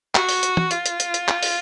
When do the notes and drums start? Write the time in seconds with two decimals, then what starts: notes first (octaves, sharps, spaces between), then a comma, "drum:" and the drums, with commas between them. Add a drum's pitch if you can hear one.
0.15 F#4, drum: clap
0.29 drum: open hi-hat
0.43 drum: hi-hat
0.57 drum: tom
0.71 F4, drum: hi-hat
0.86 drum: hi-hat
1.00 drum: hi-hat
1.14 drum: hi-hat
1.28 drum: clap
1.43 drum: open hi-hat